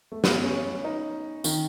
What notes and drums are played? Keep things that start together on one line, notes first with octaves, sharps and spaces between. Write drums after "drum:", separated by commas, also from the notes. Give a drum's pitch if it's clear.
A3
B3, drum: snare
C#4
D#4
D#3, drum: tambourine